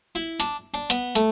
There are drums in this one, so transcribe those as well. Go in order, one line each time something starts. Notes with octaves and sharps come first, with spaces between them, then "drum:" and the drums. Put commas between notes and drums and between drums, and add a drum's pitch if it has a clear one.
E4
D4, drum: hi-hat
D4
B3, drum: hi-hat
A3, drum: hi-hat